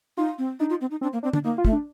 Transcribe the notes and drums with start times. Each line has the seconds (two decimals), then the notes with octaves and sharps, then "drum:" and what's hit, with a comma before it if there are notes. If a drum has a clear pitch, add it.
0.17 D#4 F4
0.38 C4
0.60 D4 D#4
0.70 F4
0.81 C4
0.91 D#4
1.01 C4 D4
1.13 A#3
1.23 C4 D4
1.33 D4, drum: tom
1.44 A#3 D#4
1.58 F4
1.65 A3, drum: kick
1.73 D4